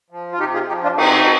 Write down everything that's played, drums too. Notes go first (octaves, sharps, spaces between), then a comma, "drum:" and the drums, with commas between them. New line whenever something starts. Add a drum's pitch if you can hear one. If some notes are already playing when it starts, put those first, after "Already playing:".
F3
F4
C3 D#4 G4
F4 G#4
F3 D#4 G4
D4 F4
C3 C4 D#4, drum: cymbal